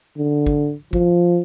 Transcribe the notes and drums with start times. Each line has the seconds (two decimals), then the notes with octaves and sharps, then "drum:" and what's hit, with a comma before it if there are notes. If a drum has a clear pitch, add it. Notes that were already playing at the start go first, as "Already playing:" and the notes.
0.18 D3
0.46 drum: kick
0.93 F3, drum: kick